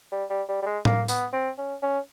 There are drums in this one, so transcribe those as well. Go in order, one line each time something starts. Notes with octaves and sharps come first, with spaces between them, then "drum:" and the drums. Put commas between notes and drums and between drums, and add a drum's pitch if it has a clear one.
G3
G3
G3
G3
G#3
A#3, drum: tom A2
B3, drum: tambourine
C4
C#4
C#4